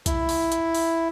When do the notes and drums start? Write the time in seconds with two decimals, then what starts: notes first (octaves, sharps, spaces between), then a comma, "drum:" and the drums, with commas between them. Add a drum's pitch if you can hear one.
0.06 E4, drum: kick A#1, hi-hat
0.29 drum: open hi-hat
0.52 drum: hi-hat
0.75 drum: open hi-hat